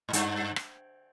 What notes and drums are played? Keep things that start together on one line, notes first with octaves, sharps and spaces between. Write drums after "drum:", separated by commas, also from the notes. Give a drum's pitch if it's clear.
G#2
G2, drum: hi-hat
drum: rim click